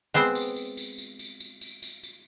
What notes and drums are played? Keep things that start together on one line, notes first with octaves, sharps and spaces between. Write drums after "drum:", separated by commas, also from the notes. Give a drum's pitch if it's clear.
G#3 B3 C4 C5, drum: tambourine
drum: tambourine
drum: tambourine
drum: tambourine
drum: tambourine
drum: tambourine
drum: tambourine
drum: tambourine
drum: tambourine
drum: tambourine